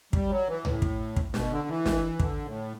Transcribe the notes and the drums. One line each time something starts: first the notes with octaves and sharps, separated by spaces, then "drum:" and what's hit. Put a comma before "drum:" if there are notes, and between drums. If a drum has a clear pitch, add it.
G3, drum: kick
F#3
E3
A2, drum: tom C#2
drum: kick
drum: kick
B2, drum: snare
D3
E3
drum: snare
D3, drum: kick
A2